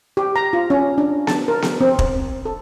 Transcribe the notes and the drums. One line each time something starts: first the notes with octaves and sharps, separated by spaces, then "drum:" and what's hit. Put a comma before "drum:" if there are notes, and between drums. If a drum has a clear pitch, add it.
G4
A#5
F4
C#4
D4
A5, drum: snare B3
A#4
drum: snare B3
C4
drum: kick
A4